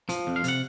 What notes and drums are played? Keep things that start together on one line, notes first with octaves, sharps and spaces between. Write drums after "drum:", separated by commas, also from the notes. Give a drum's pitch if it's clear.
F3, drum: hi-hat
F2
F5
C3 F#5, drum: hi-hat